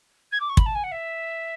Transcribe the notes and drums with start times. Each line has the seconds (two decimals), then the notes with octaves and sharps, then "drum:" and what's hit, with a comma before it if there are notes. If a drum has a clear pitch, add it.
0.31 G#6
0.40 D6
0.49 C#6
0.57 B5, drum: kick
0.65 A5
0.74 G#5
0.83 F#5
0.91 E5